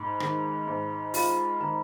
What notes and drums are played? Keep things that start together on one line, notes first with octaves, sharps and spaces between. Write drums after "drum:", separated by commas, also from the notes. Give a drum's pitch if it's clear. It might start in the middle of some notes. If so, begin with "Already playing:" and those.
Already playing: G#2 B5
D#3, drum: rim click
G#2
F4 B5, drum: open hi-hat
D#3 A#5